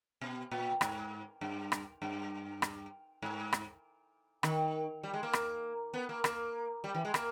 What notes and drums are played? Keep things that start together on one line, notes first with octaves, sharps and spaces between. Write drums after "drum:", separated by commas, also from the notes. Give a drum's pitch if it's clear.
B2
A#2
G#2, drum: rim click
G2
drum: rim click
G2
drum: rim click
G#2
drum: rim click
D#3, drum: rim click
G3
G#3
A#3
drum: rim click
B3
A#3
A#3, drum: rim click
G3
E3
G#3
A#3, drum: rim click